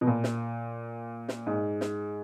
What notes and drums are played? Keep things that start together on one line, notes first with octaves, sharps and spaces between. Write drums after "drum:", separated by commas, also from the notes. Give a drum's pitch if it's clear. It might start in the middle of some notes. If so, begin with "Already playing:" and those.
B2
A#2
drum: snare
drum: snare
G#2
drum: snare